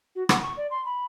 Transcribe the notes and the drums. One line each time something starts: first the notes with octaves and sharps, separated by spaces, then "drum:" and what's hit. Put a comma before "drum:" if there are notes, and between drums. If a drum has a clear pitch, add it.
F#4
F#5, drum: rim click
C#6
D5
C6
B5